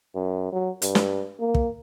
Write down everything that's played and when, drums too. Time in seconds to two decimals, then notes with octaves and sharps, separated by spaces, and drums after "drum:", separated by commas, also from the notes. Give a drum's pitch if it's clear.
0.15 F#2
0.52 F#3
0.82 G2, drum: hi-hat
0.95 drum: snare
1.39 A#3
1.54 drum: kick